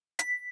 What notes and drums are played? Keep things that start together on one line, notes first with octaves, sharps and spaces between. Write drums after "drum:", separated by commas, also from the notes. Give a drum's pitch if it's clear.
B6, drum: hi-hat